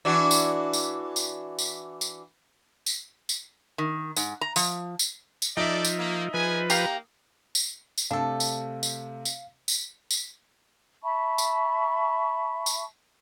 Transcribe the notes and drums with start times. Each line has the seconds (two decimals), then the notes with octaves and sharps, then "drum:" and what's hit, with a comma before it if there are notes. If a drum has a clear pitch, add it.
0.05 E3 D4 F#4
0.31 drum: tambourine
0.73 drum: tambourine
1.16 drum: tambourine
1.59 drum: tambourine
2.01 drum: tambourine
2.86 drum: tambourine
3.29 drum: tambourine
3.78 D#3
4.17 G#2, drum: tambourine
4.41 A#5
4.56 F3, drum: tambourine
4.99 drum: tambourine
5.42 drum: tambourine
5.57 F3 D#4 A4 D5 E5
5.85 drum: tambourine
5.99 A#3
6.34 F3 G#4 B4 G#5
6.70 A#3 D#4 G4 F5 G5 A#5, drum: tambourine
7.55 drum: tambourine
7.98 drum: tambourine
8.11 C3 A3 C4 D4 A4 F5
8.40 drum: tambourine
8.83 drum: tambourine
9.25 drum: tambourine
9.68 drum: tambourine
10.11 drum: tambourine
11.02 E5 A5 B5 C#6
11.38 drum: tambourine
12.66 drum: tambourine